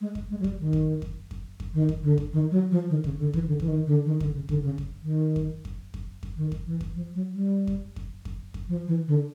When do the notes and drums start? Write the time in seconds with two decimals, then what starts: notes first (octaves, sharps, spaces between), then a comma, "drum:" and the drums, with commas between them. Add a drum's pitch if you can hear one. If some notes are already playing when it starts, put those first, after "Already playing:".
0.01 G#3
0.15 drum: kick F2
0.30 G#3
0.40 F#3
0.44 G3, drum: kick F2
0.59 D#3
0.73 drum: kick F2
1.02 drum: kick F2
1.31 drum: kick F2
1.60 drum: kick F2
1.74 D#3
1.89 drum: kick F2
2.03 D3
2.18 drum: kick F2
2.33 D#3
2.51 F#3
2.71 F3
2.90 D#3
3.04 C#3, drum: kick F2
3.19 D3
3.34 E3, drum: kick F2
3.47 D3
3.60 E3, drum: kick F2
3.68 D#3
3.86 D3
4.05 D#3
4.21 D3, drum: kick F2
4.35 C#3
4.49 D3, drum: kick F2
4.63 C#3
4.78 drum: kick F2
5.03 D#3
5.36 drum: kick F2
5.65 drum: kick F2
5.94 drum: kick F2
6.23 drum: kick F2
6.37 D#3
6.52 drum: kick F2
6.66 E3
6.81 drum: kick F2
6.95 F3
7.15 F#3
7.34 G3
7.68 drum: kick F2
7.96 drum: kick F2
8.25 drum: kick F2
8.54 drum: kick F2
8.69 F3
8.88 E3
9.07 D3